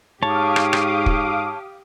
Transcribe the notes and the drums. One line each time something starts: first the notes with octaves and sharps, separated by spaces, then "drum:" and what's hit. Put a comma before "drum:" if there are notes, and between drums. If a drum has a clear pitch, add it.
G#2 G4 C#5 F5 A5 D6 D#6
drum: rim click
drum: rim click
drum: kick